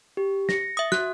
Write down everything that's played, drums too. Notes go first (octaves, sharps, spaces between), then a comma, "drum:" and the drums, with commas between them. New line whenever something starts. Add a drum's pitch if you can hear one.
G4
A#6 C#7, drum: snare
E5 D#6
F#4 F#6, drum: snare